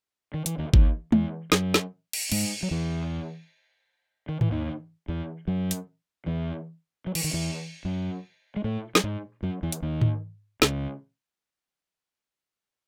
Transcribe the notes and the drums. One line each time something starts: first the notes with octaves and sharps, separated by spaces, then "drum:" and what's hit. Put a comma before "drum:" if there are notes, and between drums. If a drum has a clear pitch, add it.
D#3
E3, drum: hi-hat
D#2 D#3
D#2 D#3, drum: kick G#1
E2 E3, drum: tom G#3
F#2 F#3, drum: snare
drum: snare
drum: cymbal
G#2 G#3, drum: cymbal
F#3
E2 E3
D#3
E3, drum: tom G#2
D#2 D#3
E2 E3
F#2 F#3
drum: hi-hat
E2 E3
F#3
E3, drum: cymbal
D#3
E2 E3
F#2 F#3
G#3
A2 A3
F#3, drum: snare
G#2 G#3
F#2 F#3
E2 E3
drum: hi-hat
D#2 D#3
drum: tom G#2
C#2 C#3, drum: snare